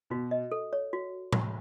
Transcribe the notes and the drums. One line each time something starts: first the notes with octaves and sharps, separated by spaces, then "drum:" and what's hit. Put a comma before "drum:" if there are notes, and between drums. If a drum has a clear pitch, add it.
B2 F#4
D#5
A4
C#5
F#4
drum: tom A2